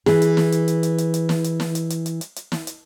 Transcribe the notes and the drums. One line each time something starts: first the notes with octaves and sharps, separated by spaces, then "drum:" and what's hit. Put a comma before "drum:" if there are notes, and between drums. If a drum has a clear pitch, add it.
E3 G#4, drum: snare
drum: hi-hat
drum: snare
drum: hi-hat
drum: hi-hat
drum: hi-hat
drum: hi-hat
drum: hi-hat
drum: snare
drum: hi-hat
drum: snare
drum: hi-hat
drum: hi-hat
drum: hi-hat
drum: hi-hat
drum: hi-hat
drum: snare
drum: hi-hat